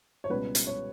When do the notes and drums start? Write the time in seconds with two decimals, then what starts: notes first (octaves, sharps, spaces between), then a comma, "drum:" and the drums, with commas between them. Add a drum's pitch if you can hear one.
0.24 C#5
0.30 C#2 B2 G3 B4
0.55 drum: hi-hat
0.67 C#5